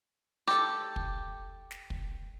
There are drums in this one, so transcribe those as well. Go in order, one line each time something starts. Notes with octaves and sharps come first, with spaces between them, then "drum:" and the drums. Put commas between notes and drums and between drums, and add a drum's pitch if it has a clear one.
G4 A4, drum: rim click
drum: kick
drum: snare
drum: kick